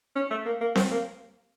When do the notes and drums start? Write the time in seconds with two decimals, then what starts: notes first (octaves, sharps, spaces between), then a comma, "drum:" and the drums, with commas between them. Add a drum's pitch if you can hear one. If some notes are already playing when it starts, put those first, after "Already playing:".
0.16 C#4
0.31 A3
0.46 A#3
0.61 A#3
0.75 C4, drum: snare C4
0.91 A#3